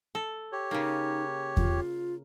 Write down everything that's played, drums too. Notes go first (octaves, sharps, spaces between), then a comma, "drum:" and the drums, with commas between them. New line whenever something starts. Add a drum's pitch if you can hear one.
A4
G4 C#5
C#3 A#3 D#4
F4, drum: kick E2